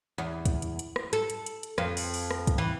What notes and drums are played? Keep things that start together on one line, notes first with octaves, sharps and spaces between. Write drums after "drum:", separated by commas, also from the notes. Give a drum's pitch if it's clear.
E2
drum: kick, hi-hat
drum: hi-hat
drum: hi-hat
drum: rim click
A4, drum: hi-hat
drum: hi-hat
drum: hi-hat
drum: hi-hat
F2, drum: rim click
drum: open hi-hat
drum: open hi-hat
drum: rim click
drum: kick, hi-hat
E3